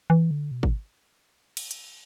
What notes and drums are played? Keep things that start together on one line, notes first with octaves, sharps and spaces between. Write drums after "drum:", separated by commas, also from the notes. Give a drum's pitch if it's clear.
E3
D3
B2
drum: kick G#1
drum: cymbal
drum: hi-hat